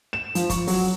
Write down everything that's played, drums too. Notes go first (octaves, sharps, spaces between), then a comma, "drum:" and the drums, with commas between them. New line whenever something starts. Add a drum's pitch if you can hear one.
E7
F3, drum: hi-hat
C#6, drum: kick, hi-hat
F#3, drum: open hi-hat